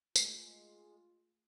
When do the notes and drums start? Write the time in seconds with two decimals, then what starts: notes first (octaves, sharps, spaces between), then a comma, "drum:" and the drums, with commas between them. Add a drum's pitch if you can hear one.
0.16 G#3 A3 F4 A#4, drum: tambourine